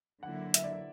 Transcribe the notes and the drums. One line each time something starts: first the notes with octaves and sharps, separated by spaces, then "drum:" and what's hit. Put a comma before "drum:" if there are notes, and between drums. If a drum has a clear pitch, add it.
D3 F#3 A#3 E4 F#5
E5, drum: hi-hat
D5
E5